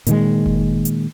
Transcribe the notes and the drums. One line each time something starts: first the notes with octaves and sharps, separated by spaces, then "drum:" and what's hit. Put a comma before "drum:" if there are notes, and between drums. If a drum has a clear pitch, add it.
A#2 D#3 G#3, drum: hi-hat
drum: kick F#1
drum: hi-hat